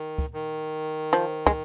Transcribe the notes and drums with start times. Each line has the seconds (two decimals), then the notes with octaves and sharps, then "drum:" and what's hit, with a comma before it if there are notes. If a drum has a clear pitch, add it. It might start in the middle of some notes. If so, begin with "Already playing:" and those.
Already playing: D#3
0.18 drum: kick
0.34 D#3
1.13 F3
1.47 G#3, drum: kick